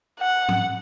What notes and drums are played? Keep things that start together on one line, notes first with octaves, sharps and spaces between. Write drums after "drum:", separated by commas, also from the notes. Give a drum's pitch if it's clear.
F#5
drum: tom